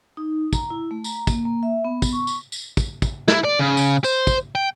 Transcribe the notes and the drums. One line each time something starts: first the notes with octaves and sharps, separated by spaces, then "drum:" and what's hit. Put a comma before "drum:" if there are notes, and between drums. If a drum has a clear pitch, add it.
D#4
A#5, drum: kick, tambourine
E4
A3
A#5, drum: tambourine
A#3, drum: kick, tambourine
A#3
E5
B3
drum: kick, tambourine
C#6
drum: tambourine
drum: tambourine
drum: kick, tambourine
drum: kick, tambourine
E4, drum: snare
D5
C#3
drum: tambourine
C5, drum: tambourine
drum: kick, tambourine
G5